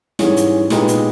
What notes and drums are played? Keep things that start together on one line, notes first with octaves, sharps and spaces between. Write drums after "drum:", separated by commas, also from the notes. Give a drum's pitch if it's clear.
G#2 E3 G3 C#4 G#4, drum: snare
drum: hi-hat
A#2 G#3 B3 D#4 G4, drum: snare
drum: hi-hat